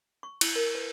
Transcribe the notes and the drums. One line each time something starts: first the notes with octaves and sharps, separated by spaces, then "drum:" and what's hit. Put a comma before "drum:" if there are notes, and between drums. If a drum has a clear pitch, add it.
C#6
E4, drum: cymbal
A#4
B4